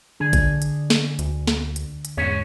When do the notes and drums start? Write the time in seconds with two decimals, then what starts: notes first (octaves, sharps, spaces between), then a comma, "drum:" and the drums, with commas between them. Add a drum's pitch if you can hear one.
0.20 D3 D4 G#4
0.33 drum: kick A1, hi-hat
0.62 drum: hi-hat
0.90 drum: snare
1.19 D2, drum: hi-hat
1.47 drum: snare
1.76 drum: hi-hat
2.05 drum: hi-hat
2.17 E2 G#2 C#4 C#5